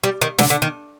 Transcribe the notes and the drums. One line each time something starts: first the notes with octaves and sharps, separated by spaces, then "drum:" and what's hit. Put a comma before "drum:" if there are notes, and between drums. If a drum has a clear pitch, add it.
G3
D#3
D3, drum: snare
D3
D#3